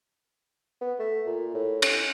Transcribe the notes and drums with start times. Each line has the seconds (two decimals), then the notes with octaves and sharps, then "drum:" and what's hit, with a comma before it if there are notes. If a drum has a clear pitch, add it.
0.81 B3
0.99 A3
1.26 A#2
1.54 A2
1.82 C#4, drum: cymbal